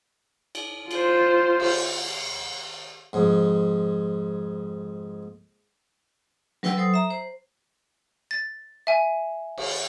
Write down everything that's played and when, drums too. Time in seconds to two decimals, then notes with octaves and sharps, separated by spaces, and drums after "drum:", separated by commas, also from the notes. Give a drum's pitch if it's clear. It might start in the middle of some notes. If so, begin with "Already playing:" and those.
0.55 drum: cymbal
0.91 F4 C5, drum: cymbal
1.60 drum: cymbal
3.13 F2 G#2
6.63 F#3 B4 G5 E6, drum: snare
6.76 F#3 A4 C5 D#6
6.94 E5 A#5
7.11 C5
8.31 A6
8.87 E5 G#5
9.58 drum: cymbal